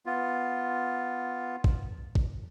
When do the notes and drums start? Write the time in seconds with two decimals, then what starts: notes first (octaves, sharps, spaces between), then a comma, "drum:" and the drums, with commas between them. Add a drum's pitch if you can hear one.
0.06 B3 F4
1.64 drum: kick
2.15 drum: kick